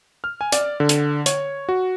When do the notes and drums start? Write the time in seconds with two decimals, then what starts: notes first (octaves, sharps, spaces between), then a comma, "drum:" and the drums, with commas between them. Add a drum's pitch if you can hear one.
0.24 F6
0.41 G#5
0.52 D5, drum: hi-hat
0.80 D3
0.89 drum: hi-hat
1.26 C#5, drum: hi-hat
1.69 F#4